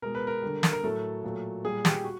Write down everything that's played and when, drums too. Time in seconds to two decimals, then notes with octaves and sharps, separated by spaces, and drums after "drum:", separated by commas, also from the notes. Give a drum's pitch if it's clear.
0.02 B2 G#3 A#4
0.15 B4
0.27 A#4
0.42 D3 G3
0.63 drum: snare
0.72 A#4
0.83 A2 F#3 A3 A4
1.23 A#2 F#3 A3
1.64 A#2 G3 G#4
1.85 G4, drum: snare
2.04 F#4